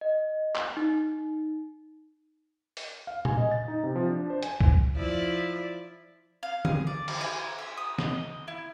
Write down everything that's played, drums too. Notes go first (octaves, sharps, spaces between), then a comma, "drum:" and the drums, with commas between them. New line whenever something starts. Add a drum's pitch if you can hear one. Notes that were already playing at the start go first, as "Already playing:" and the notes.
D#5
drum: clap
D#4
drum: open hi-hat
F5
G#5, drum: tom A#2
D#5
A6
D#4
C3
F3
D4
C5
G#5, drum: hi-hat
drum: kick C#2
F3 E4 D5
F5
G#4, drum: tom D3
D5
drum: cymbal
G#5
E5
D#6
D#5, drum: snare
E4